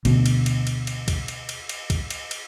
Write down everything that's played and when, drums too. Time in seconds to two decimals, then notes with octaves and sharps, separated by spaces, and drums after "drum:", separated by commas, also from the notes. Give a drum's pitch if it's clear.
0.05 D2 B2, drum: cymbal
0.26 drum: cymbal
0.46 drum: cymbal
0.67 drum: cymbal
0.87 drum: cymbal
1.08 drum: kick, cymbal
1.28 drum: cymbal
1.49 drum: cymbal
1.69 drum: cymbal
1.90 drum: kick, cymbal
2.10 drum: cymbal
2.31 drum: cymbal